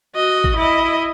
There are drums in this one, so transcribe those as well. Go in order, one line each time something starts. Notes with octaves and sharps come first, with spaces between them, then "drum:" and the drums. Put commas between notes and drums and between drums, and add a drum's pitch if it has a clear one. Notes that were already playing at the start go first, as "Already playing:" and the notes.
F#4 D#5
drum: kick G#1
E4 D#5